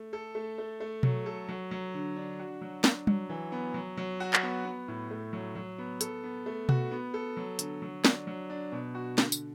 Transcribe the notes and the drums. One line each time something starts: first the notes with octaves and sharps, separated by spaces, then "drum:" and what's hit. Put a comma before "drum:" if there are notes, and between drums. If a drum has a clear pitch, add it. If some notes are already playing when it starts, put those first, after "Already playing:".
Already playing: A3
A4
A3
A3
A3
F#3, drum: tom B2
A4
F#3
F#3
D3
D4
F#4
F#3
D4, drum: snare
F#3, drum: tom G3
E3
B3
F#3
F#3
F#4
drum: clap
B3
B3
A2
A3
F#3
F#3
B3
A4, drum: hi-hat
B3
A3
F#4, drum: tom B2
B3
A4
F#3
D3, drum: hi-hat
F#3
D4, drum: snare
F#3
D4
B2
F#4
D3, drum: snare
drum: tambourine